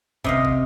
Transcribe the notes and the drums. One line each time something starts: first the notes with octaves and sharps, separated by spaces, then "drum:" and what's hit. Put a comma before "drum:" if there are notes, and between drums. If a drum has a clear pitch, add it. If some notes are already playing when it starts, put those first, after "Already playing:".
C3 D#5 F5, drum: kick
drum: kick